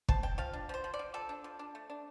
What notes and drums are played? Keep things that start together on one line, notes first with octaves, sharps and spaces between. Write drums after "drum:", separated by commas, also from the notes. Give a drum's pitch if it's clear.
C4 A5, drum: kick
C4 G5
F3 F5
D4
F3 C5
F3
D5
F3
F3 A4
D4
F3
D4
A3
D4